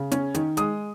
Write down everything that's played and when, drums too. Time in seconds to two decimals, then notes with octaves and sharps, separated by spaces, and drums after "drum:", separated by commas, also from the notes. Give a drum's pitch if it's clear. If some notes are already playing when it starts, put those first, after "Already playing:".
Already playing: C#3
0.12 C#4, drum: hi-hat
0.34 D#3, drum: hi-hat
0.57 G#3 D#6, drum: hi-hat